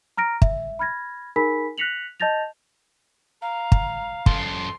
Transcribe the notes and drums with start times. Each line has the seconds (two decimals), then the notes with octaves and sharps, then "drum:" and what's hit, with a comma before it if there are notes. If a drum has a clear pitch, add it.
0.17 A#5 F6 A#6 D7
0.42 E5, drum: kick
0.79 B5 F6 G#6 A#6
1.36 D#4 G#4 A#4 G#5 B5 B6
1.78 F#6 A#6 B6 C#7 F7 F#7
2.20 D#5 A5 G6 A6 A#6 F7
3.42 F5 A#5
3.72 drum: kick
4.26 F#2 A4 C6, drum: kick